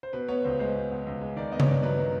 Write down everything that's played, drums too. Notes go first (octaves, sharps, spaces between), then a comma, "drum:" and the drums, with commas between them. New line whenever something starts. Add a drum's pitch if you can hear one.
C5
B2 B4
B3 C#5
C#2 C5
G#3 C5
B2
B3
C#2
G#3
D#3 D5
B3 D#5
C#5, drum: tom C#3
G2 D5
F#3 B4
D#3